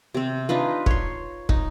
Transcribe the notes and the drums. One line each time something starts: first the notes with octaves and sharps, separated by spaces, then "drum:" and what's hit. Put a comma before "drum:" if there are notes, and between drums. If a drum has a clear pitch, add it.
C3 C4
D4 D#4 F4 B4
C#5 C6, drum: kick
D#4, drum: kick